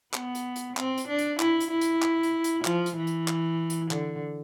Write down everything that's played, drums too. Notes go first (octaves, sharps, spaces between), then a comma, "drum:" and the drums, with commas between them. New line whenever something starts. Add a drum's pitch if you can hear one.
B3, drum: clap
drum: hi-hat
drum: hi-hat
C4, drum: clap
drum: hi-hat
D4
drum: hi-hat
E4, drum: clap
drum: hi-hat
E4
drum: hi-hat
drum: clap
drum: hi-hat
drum: hi-hat
F3, drum: clap
drum: hi-hat
E3
drum: hi-hat
drum: clap
drum: hi-hat
D3, drum: clap